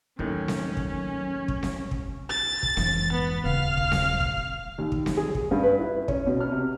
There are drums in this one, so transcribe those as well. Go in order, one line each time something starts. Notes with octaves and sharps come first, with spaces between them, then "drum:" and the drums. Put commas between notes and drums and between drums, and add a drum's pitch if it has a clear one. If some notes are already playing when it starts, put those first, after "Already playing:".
D#2 A2 D#3 F#3 C#4
drum: snare C4
drum: kick
drum: kick
drum: snare C4
drum: kick
A6
drum: kick
F1 G#2 E3, drum: snare C4
B3
D#1 C#3 F5
drum: kick
drum: snare C4
drum: kick
D#2
drum: kick
drum: snare C4
G#4
drum: kick
G2
B4
E4
C#4, drum: kick
B2
F6
C3